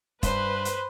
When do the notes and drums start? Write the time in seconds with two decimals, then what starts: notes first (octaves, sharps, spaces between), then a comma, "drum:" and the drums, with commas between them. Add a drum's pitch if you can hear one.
0.23 G2 B4 C5, drum: kick, hi-hat
0.65 drum: hi-hat